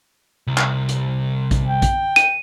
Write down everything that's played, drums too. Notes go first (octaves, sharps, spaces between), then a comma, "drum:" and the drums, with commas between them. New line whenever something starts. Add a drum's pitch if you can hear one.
C2
drum: clap
drum: hi-hat
drum: kick, hi-hat
G5
drum: kick, hi-hat
D#7, drum: hi-hat